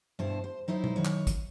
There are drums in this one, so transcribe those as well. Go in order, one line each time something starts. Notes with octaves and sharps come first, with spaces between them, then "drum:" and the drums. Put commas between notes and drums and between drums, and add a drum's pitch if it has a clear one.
G2 B2 E4 C5 A5
C5
F#3 D#4 E4 C5
drum: tom B2
D#3 F#3 C#5
drum: clap
drum: kick, hi-hat